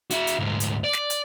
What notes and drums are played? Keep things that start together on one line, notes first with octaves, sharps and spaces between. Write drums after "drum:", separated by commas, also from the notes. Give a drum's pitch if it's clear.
E4 F#4, drum: hi-hat
drum: hi-hat
D2 G#2
drum: hi-hat
D5
drum: snare
drum: hi-hat